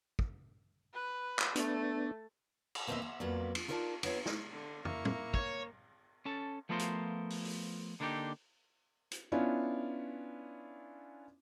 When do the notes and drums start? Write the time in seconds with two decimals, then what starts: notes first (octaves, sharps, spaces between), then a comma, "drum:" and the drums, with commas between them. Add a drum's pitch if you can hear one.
0.19 drum: kick
0.94 B4
1.39 drum: clap
1.55 A3 B3 D4, drum: hi-hat
2.75 drum: cymbal
2.87 B2 A#3 C4 D#4 D#5 E5
3.02 E5
3.20 F2 F#3 A#3 B3 D5
3.55 drum: cymbal
3.68 D#4 F4 A#4 D5 G5 A5
4.03 B3 C#5 E5, drum: cymbal
4.26 drum: snare
4.51 D3
4.85 A#3 E4 C#6, drum: tom
5.05 drum: tom
5.34 C#5, drum: kick
6.25 C#4 A4 A5
6.69 F3 A3 B3 F4 A#4 C5
6.79 drum: hi-hat
7.30 drum: open hi-hat
7.45 drum: open hi-hat
8.00 D3 A#3 D4 D#4 G4
9.11 drum: hi-hat
9.32 B3 C#4 D4 E4 F4